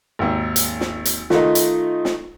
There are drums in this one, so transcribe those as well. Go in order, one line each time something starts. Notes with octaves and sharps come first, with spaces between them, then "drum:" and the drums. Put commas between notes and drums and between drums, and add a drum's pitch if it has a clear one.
G#1 D#2
drum: hi-hat
drum: snare
drum: hi-hat
D#3 A3 D#4 F4 D#5, drum: snare
drum: hi-hat
drum: snare